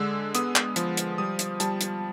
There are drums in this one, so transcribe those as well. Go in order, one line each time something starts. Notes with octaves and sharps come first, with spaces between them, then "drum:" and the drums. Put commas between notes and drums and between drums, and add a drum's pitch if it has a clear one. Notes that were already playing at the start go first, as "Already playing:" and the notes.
Already playing: D3 G#3 E6
B3 D#6, drum: hi-hat
drum: clap
F3, drum: hi-hat
drum: hi-hat
G3 D#6
drum: hi-hat
G3 A5, drum: hi-hat
drum: hi-hat